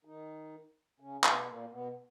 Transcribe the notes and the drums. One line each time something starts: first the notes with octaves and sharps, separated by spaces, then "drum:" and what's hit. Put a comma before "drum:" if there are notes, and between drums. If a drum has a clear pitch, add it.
D#3 D#4
C#3 C#4
B2 B3, drum: clap
B3
A#2 A#3
B2 B3